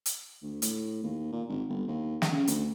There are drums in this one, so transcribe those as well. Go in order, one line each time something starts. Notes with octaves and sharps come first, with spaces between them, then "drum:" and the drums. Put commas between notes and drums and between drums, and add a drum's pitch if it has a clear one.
drum: hi-hat
D2
A2, drum: hi-hat
D#2
A#2
G#1
G1
D#2
drum: snare
C#3
D2, drum: hi-hat